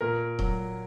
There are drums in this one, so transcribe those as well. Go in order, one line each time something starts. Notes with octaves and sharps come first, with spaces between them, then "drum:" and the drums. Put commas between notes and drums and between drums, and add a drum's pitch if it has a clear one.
A#2 A#4
F#3, drum: kick D#1